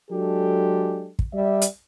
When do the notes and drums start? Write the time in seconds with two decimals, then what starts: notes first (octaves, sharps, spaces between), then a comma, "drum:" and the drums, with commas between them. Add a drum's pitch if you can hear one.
0.11 F#3 G#3 D4 G4 A4
1.19 drum: kick
1.34 G3 D5 E5
1.62 drum: hi-hat